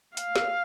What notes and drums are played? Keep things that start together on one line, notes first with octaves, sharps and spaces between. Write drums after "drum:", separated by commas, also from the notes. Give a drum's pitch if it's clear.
F5, drum: hi-hat
drum: snare